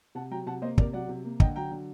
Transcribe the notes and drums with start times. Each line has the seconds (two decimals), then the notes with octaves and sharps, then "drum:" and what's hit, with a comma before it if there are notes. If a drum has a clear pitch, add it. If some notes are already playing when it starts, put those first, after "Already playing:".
0.15 C3 F#5 A5
0.31 F#3 G5 A#5
0.46 C3 F#5 A5
0.62 A#3 C5 D#5
0.78 C3 A#4 D5, drum: kick
0.93 F#3 D5 F#5
1.09 C3
1.25 A#3
1.40 D3 D#5 G5, drum: kick
1.56 F#3 G5 A#5
1.72 D3